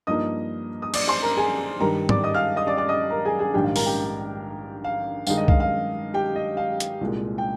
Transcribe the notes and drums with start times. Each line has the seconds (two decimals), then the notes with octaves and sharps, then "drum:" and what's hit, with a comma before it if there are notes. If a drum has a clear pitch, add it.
0.07 G2 F3 A#3 D#4 D#5 D#6
0.82 D#6
0.94 D5 D6, drum: cymbal
1.08 C5 C6
1.22 A#4 A#5
1.37 G#4 G#5
1.80 G2 D#3 G3 A#4 A#5
2.09 D5 D6, drum: tom G#2
2.23 D#5 D#6
2.34 F5 F6
2.56 D#5 D#6
2.67 D5 D6
2.77 D5 D6
2.89 D#5 D#6
3.10 A#4 A#5
3.25 G#4 G#5
3.39 G#4 G#5
3.53 A#1 G#2 D#3 G3 D4 G4 G5
3.64 F5
3.76 A#4 A#5, drum: open hi-hat
3.86 G4 G5
4.84 F5
5.27 G2 D#3 G#3 D#4 F5, drum: tambourine
5.37 D#5
5.48 F5, drum: kick C2
5.60 F5
6.14 G4 G5
6.36 D#5
6.57 F5
6.80 drum: hi-hat
7.01 C2 A#2 G#3
7.38 G5